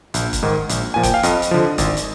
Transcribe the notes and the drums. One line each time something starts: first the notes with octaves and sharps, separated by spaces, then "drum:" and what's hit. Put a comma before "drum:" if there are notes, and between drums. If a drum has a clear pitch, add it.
A#1, drum: hi-hat
drum: kick, hi-hat
G#2 D#3
A#1, drum: hi-hat
A#2 F3 G#5
G5, drum: kick, hi-hat
F5
F2 D#5, drum: hi-hat
drum: hi-hat
D3 F3
G#1, drum: kick, hi-hat
drum: hi-hat